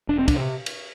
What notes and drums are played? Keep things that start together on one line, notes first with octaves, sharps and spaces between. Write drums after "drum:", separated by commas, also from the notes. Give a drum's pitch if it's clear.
E1 D4
C4
D4, drum: kick, cymbal
C3
drum: cymbal